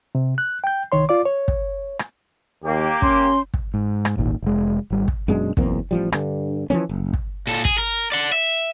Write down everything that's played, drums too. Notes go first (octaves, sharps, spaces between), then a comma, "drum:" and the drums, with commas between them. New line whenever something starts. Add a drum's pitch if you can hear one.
C3
F#6
G5 G6
C2 D#3 C#5 C6
F4 D5 D6
C#5
drum: kick
drum: rim click
D#2 A#3 G4
C#4 C6, drum: kick
drum: kick
G#2
drum: rim click
D1 G#1 A#2 D#3
F1 G#3
G#1 G3
drum: kick
F#2 B2 G#3 D4
B1 E2 A#3 C4, drum: kick
A1 F3 G3
G2 D3, drum: rim click
E3 F3 A#3 C#4
F#1
drum: kick
A#2 A4
G#4, drum: kick
A#4
D5 F#5
E5